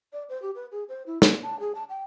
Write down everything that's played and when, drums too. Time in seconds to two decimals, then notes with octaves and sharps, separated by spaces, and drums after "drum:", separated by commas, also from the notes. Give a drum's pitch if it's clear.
0.13 D5
0.29 C5
0.42 G4
0.55 B4
0.72 G#4
0.89 C5
1.06 E4
1.22 A#3, drum: snare
1.43 A5
1.60 G#4
1.75 A5
1.89 G5